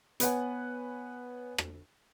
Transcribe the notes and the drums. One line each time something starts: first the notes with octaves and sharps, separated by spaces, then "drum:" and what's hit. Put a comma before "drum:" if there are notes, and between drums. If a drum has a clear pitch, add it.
B3 B4 C#5 F#5 G#5, drum: hi-hat
drum: rim click